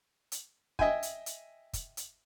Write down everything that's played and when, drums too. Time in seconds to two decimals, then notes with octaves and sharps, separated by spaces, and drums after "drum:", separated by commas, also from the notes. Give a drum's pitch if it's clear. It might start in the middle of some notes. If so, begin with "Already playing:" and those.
0.32 drum: hi-hat
0.79 D#5 E5 G5 G#5, drum: kick
1.03 drum: hi-hat
1.26 drum: hi-hat
1.73 drum: kick, hi-hat
1.97 drum: hi-hat